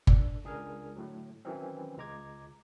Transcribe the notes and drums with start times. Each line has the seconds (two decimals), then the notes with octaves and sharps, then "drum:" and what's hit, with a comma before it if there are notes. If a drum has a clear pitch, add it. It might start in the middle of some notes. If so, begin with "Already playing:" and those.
0.07 D4 A4, drum: kick G1
0.44 C#2 D4 G#4 A#4 G#5 F6
0.96 A2 D3 F#3
1.45 D#3 E3 F#3 C4 C#4
1.98 C#2 G#3 A#5 D6 G#6